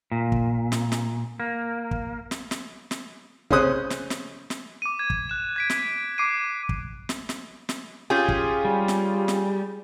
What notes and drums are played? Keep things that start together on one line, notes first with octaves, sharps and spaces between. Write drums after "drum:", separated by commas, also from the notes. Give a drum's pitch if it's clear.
A#2
drum: kick
drum: snare
drum: snare
A#3
drum: kick
drum: snare
drum: snare
drum: snare
C#3 C#4 C5 D#6 F#6, drum: kick
drum: snare
drum: snare
drum: snare
D6 D#7
G#6
drum: kick
F#6 E7
G#6 B6 D7
drum: snare
D6 C7 D7 D#7
drum: kick
drum: snare
drum: snare
drum: snare
C#4 F4 G4 G#4 G#5 G6 A6
drum: kick
G3
drum: snare
drum: snare